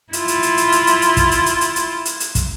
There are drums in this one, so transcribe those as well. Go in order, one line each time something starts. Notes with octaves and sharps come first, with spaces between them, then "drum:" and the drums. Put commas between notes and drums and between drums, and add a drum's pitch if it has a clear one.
E4 F4, drum: hi-hat
drum: hi-hat
drum: hi-hat
drum: hi-hat
drum: hi-hat
drum: hi-hat
drum: hi-hat
drum: kick, hi-hat
drum: hi-hat
drum: hi-hat
drum: hi-hat
drum: hi-hat
drum: hi-hat
drum: hi-hat
drum: kick, hi-hat